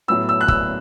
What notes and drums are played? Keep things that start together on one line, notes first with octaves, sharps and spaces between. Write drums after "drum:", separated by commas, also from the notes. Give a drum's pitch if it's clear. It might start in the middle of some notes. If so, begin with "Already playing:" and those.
A2 F#3 B3 E6
E6
F#6
E6, drum: kick